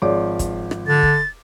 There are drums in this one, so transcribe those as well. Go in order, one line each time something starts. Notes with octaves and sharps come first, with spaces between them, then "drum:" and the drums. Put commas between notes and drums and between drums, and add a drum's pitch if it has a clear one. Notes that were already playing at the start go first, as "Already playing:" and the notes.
G#1 F3 G#4 C#5 D5 D6
drum: kick, hi-hat
drum: rim click
D3 A6
drum: kick